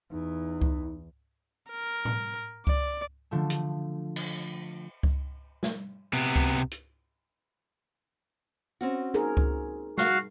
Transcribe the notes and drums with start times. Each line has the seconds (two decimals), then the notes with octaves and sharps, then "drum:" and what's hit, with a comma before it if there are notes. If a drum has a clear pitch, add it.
0.11 E2 D#4
0.61 drum: kick C#2
1.71 A#4
2.05 drum: tom A2
2.67 D5, drum: kick C#2
3.31 D3 F3 A3
3.50 drum: hi-hat
4.16 drum: cymbal
5.03 drum: kick C#2
5.63 drum: snare
6.13 C3 B3
6.36 drum: kick C#2
6.71 drum: hi-hat
8.81 C4 C#4 F#4
9.14 D#4 G#4 A#4
9.37 drum: kick C#2
9.98 F#4 F5, drum: snare